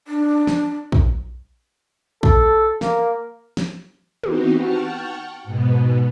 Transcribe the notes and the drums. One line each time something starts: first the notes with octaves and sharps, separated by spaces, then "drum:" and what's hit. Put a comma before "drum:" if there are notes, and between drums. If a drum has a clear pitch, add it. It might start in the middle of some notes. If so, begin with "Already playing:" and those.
D4
drum: snare
drum: kick
A4, drum: kick
A#3, drum: snare
drum: snare
E3 B3 C4 D#4 F#4 G4, drum: tom
F#5 G5 A5 C#6 F6
G#2 B2 B3